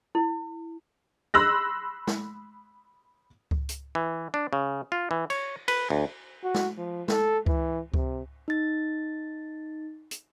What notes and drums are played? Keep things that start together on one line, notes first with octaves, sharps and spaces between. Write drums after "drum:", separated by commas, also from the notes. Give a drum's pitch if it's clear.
E4
B5 C6 E6 F#6 A#6
drum: snare
drum: kick C#2
drum: hi-hat
E3
D4
C#3
F4
E3
C#5, drum: cymbal
B4, drum: cymbal
D2
F#4
drum: snare
F3
A4, drum: snare
E3, drum: kick C#2
C3, drum: kick C#2
D#4 A6
drum: hi-hat